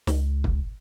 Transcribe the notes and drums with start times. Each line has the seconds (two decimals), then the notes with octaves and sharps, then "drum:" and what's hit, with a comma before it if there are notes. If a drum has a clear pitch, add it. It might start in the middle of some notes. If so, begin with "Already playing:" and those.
0.07 C#2, drum: snare
0.44 drum: kick